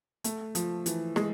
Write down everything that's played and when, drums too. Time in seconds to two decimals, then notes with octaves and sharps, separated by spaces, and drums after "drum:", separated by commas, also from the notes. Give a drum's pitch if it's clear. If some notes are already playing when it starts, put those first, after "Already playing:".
0.24 A3, drum: hi-hat
0.55 F3, drum: hi-hat
0.86 E3, drum: hi-hat
1.16 G#3, drum: rim click